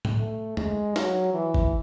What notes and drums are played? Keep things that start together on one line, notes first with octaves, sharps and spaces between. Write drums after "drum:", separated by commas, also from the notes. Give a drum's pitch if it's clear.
drum: tom A2
A3
G#3, drum: tom E2
F#3, drum: snare
E3
drum: kick G#1